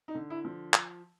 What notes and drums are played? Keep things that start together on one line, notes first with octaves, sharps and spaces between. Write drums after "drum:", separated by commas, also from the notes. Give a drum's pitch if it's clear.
D#4
D3
E4
F3
drum: clap